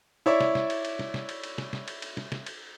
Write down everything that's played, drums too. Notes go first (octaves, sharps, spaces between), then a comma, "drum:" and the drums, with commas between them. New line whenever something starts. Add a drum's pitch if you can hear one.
E4 C#5 D5 E5
drum: snare
drum: snare
drum: cymbal
drum: cymbal
drum: snare
drum: snare
drum: cymbal
drum: cymbal
drum: snare
drum: snare
drum: cymbal
drum: cymbal
drum: snare
drum: snare
drum: cymbal